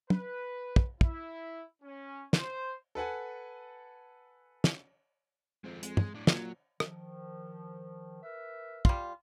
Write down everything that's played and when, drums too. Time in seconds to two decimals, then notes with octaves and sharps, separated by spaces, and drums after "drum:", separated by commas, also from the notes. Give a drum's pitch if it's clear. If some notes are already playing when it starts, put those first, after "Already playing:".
0.10 B4, drum: tom
0.76 drum: kick
1.01 E4, drum: kick
1.83 C#4
2.33 C5, drum: snare
2.95 A4 B4 F#5 G#5
4.64 drum: snare
5.64 F2 G#3 C4
5.83 G#3, drum: hi-hat
5.97 drum: tom
6.14 A2 D4
6.27 A#2 F#3, drum: snare
6.80 D#3 F3, drum: rim click
8.22 A#4 B4 E5
8.85 G3 F4, drum: kick